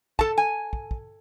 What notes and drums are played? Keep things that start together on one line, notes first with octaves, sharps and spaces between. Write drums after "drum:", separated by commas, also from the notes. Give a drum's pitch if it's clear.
A4 A5, drum: kick
G#5
drum: kick
drum: kick